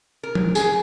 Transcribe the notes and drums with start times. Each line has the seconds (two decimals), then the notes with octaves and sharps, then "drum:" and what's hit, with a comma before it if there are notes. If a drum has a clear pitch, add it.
0.23 A#4
0.35 drum: tom F3
0.55 G#4, drum: tambourine